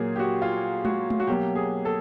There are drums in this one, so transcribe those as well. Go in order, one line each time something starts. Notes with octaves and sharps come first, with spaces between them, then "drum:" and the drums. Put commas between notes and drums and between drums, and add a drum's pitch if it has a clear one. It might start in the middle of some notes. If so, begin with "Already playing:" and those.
Already playing: A#2 F#3 A#3 G#4
G4
F#4
F4
F#4, drum: tom G#3
drum: tom G#3
F#4
B2 F#3 A#3 G4
G#4
A4